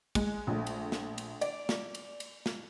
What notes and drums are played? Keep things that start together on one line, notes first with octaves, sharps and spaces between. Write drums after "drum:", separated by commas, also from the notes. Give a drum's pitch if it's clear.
G#3, drum: kick, cymbal
A#1 A3
drum: cymbal
drum: snare
drum: cymbal
D5, drum: cymbal
drum: snare
drum: cymbal
drum: cymbal
drum: snare